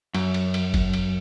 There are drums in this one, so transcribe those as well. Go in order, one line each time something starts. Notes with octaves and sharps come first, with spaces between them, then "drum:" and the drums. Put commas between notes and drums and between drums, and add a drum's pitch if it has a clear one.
F#2, drum: cymbal
drum: cymbal
drum: cymbal
drum: kick F#1, cymbal
drum: cymbal